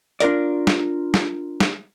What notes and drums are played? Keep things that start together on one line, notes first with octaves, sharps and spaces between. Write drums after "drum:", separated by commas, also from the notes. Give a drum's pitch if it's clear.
D4 F4 A#4 D5, drum: hi-hat
drum: snare
drum: snare
drum: snare